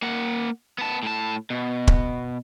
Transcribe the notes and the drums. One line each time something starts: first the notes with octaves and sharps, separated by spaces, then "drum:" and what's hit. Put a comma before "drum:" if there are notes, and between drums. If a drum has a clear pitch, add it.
A#3 F#5
B3 A5
A2 A5
B2
drum: kick